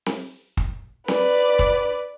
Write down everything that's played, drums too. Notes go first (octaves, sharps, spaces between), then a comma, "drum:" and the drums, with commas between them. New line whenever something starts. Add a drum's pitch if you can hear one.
drum: snare C4
drum: kick
B4 D5, drum: snare C4
drum: kick